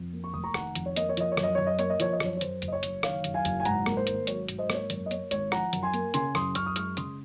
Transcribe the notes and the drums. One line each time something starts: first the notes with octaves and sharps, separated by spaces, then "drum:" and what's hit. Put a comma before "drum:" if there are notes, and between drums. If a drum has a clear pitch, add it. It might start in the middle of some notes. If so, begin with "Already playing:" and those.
Already playing: F2
A#3
C#6
F1 D#6
A#5 C#6
D#3 F#5 A#5, drum: rim click
F2, drum: hi-hat
C#5
A#3 D#5, drum: hi-hat
C#5
F3 D#5, drum: hi-hat
C#5
F#2, drum: rim click
D#5
F#2 C#5
D#5
A#3 C#5, drum: hi-hat
D#5
F3 C#5, drum: hi-hat
D#5
F#2 C#5, drum: rim click
C#5
F#2 C5, drum: hi-hat
F#1, drum: hi-hat
D#5
C#5
F#1, drum: hi-hat
D#3 C#5 F5, drum: rim click
F#2, drum: hi-hat
F5 G#5
F#1, drum: hi-hat
G#5
G#2 F#5 A#5, drum: hi-hat
A#3, drum: rim click
C5
G#1, drum: hi-hat
F#3 C#5, drum: hi-hat
G#2, drum: hi-hat
C5 D#5
A#3 C#5, drum: rim click
F#2 C#5, drum: hi-hat
D#5
A#3 C#5, drum: hi-hat
G#1 C#5, drum: hi-hat
F3 F#5 A#5, drum: rim click
F#2, drum: hi-hat
G#5 C6
A#3, drum: hi-hat
C#3 G#5 C6, drum: hi-hat
F#2 C6 D#6, drum: rim click
F#2 C#6 F6, drum: hi-hat
D#6
G#3 C#6 F6, drum: hi-hat
C#3 C6 D#6, drum: hi-hat